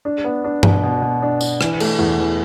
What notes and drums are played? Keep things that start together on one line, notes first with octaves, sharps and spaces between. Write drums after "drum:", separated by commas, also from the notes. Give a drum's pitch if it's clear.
D4
B3
D4
B2, drum: tom G2
B2
B2
D4
D4, drum: tambourine
E3, drum: rim click
A3, drum: cymbal
E2
E3